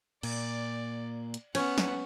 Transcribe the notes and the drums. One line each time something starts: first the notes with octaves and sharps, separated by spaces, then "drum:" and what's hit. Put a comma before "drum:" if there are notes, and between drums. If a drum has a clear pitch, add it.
A#2 D5, drum: cymbal
drum: hi-hat
B3 C#4 F#5, drum: cymbal
drum: snare